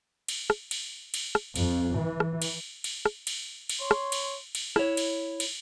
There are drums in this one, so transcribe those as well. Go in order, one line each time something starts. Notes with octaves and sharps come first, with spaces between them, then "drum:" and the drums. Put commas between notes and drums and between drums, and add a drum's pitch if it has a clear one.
drum: cymbal
drum: rim click
drum: cymbal
drum: cymbal
drum: rim click
F2, drum: cymbal
E3
drum: rim click
drum: cymbal
drum: cymbal
drum: rim click
drum: cymbal
drum: cymbal
C#5 C6
drum: rim click
drum: cymbal
drum: cymbal
E4 C#5, drum: rim click
drum: cymbal
drum: cymbal